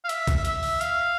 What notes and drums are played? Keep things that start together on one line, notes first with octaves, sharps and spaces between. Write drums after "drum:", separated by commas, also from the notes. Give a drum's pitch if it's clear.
F5
E5, drum: hi-hat
drum: kick B1, hi-hat
E5, drum: hi-hat
drum: open hi-hat
F5, drum: hi-hat